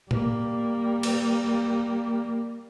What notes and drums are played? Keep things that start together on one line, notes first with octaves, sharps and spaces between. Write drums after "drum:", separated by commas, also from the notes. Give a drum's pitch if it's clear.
G3 A#3, drum: tom A#2
drum: cymbal